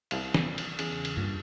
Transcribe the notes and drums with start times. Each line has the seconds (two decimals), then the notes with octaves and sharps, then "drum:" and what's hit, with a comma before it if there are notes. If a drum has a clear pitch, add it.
0.11 C2 F5, drum: cymbal
0.34 drum: snare
0.58 drum: cymbal
0.79 E2 C#3 G#4, drum: cymbal
1.05 drum: cymbal
1.17 G2 A#2